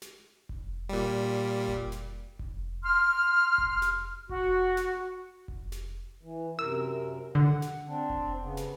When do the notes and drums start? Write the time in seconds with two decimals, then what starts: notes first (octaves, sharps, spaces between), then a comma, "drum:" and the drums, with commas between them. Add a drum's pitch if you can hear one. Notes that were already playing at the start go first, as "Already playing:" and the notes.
0.02 drum: snare
0.49 drum: kick F1
0.89 A#2 G3
1.68 drum: kick F1
1.92 drum: snare
2.39 drum: kick F1
2.84 C6 F6
3.58 drum: kick F1
3.82 drum: snare
4.29 F#4, drum: kick F1
4.77 drum: snare
5.48 drum: kick F1
5.72 drum: snare
6.23 E3
6.59 F#2 C3 A#4 E6
7.35 D3 F#5
7.62 drum: snare
7.88 C4 D4
8.10 drum: kick F1
8.42 C#3 B3
8.57 drum: snare